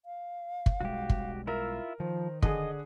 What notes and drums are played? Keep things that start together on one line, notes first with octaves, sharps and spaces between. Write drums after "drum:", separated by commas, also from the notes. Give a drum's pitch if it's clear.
F5
drum: kick
B1 G3 G#3 F#4 G4
drum: kick
E4 F4 A#4 E5
D#3 F3 C5
D3 G#4 D5 D#5, drum: kick